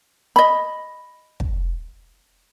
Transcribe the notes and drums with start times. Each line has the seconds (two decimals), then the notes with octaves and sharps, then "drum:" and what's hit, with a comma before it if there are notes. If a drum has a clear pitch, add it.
0.36 D#5 B5
1.40 drum: kick